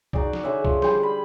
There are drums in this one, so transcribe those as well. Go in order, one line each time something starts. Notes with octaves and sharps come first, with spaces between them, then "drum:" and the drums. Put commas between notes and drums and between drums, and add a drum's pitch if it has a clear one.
D#4 F#4 G#4 D5, drum: kick
drum: snare
D3 G#4 C#5 E5
F3, drum: kick
G3 G#4 C5, drum: snare
B5